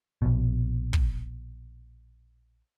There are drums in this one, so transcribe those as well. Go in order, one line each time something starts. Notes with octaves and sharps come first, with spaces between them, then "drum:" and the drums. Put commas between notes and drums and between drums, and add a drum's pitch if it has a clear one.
A#1 B2
drum: kick